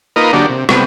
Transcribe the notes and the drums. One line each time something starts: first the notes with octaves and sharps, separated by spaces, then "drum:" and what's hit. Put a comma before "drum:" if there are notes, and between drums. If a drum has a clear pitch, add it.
A#3 D#4 F4 A#4 B4 D#5
D3 F#3 A#3 D4 G4
C3
C3 G3 B3, drum: rim click